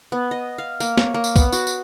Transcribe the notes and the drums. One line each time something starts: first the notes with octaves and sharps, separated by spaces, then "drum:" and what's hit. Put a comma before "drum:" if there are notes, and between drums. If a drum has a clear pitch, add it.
B3
D#5
F5
A#3, drum: tambourine
C#5, drum: snare
A#3
drum: tambourine
B3, drum: kick, tambourine
F#4, drum: tambourine
drum: tambourine